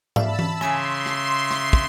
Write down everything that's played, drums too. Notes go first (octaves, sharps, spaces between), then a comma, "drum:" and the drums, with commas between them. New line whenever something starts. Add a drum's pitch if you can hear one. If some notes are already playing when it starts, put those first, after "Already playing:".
D5 E5 F5 A5 B5 E6, drum: tom
drum: tom E3
C#3 E5 G#5 C6, drum: rim click
drum: rim click
drum: rim click
drum: kick